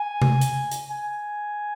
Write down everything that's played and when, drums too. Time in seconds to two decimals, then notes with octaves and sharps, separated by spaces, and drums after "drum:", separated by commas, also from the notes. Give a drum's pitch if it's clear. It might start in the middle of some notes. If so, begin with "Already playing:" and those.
Already playing: G#5
0.22 drum: tom C3
0.41 drum: hi-hat
0.72 drum: hi-hat
0.90 G#5